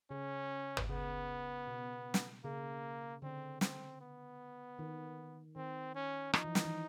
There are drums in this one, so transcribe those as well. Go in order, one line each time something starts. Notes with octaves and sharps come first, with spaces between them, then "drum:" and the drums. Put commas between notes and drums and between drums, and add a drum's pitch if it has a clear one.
C#3 C#4
drum: tom
C#3 B3
B2
drum: snare
C#3 A#3
D3 C4
C4, drum: snare
B3
D#3
D#3 C4
C#4
F3 D#4, drum: rim click
E3
D#3, drum: snare
E3